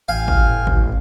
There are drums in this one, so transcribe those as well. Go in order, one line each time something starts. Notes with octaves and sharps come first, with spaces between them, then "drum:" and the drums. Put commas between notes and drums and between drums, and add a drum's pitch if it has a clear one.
A1 F5 G5 G#5 F6
drum: kick G#1
drum: kick G#1